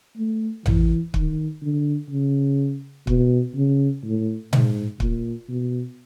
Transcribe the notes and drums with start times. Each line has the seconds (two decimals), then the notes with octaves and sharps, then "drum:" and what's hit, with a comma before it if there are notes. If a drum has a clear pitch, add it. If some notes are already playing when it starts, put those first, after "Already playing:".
0.17 A3
0.66 E3, drum: tom A1
1.14 D#3, drum: kick
1.62 D3
2.10 C#3
3.07 B2, drum: kick
3.55 C#3
4.03 A2
4.53 G#2, drum: tom A#2
5.00 A#2, drum: kick
5.49 B2